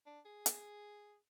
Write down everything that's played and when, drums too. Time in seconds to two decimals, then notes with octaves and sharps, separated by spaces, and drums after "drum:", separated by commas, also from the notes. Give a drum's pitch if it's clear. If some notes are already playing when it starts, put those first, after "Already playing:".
0.06 D4
0.25 G#4
0.46 drum: hi-hat